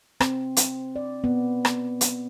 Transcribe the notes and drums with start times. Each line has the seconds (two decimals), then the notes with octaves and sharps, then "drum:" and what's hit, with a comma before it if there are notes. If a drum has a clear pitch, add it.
0.20 C4, drum: rim click
0.57 drum: hi-hat
0.96 D5
1.24 B3
1.65 drum: rim click
2.01 drum: hi-hat